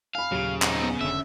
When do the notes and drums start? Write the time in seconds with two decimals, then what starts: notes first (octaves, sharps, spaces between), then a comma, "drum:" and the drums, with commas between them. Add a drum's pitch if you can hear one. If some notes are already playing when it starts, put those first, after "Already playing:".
0.15 F5 G#5 B5
0.32 D#2 A#2 C#3 F#3 G4
0.62 C4 D#4, drum: clap
0.82 B3
1.01 F1 G#2 D3 C#4 E5